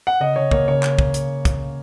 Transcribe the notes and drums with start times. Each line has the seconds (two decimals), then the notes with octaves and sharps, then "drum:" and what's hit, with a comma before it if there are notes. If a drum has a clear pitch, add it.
0.07 F#5
0.20 C#3 D#5
0.36 C#3 C#5
0.51 A#3 C#5, drum: kick
0.68 C#3 C#5
0.83 drum: clap
0.99 drum: kick
1.14 drum: hi-hat
1.45 drum: kick, hi-hat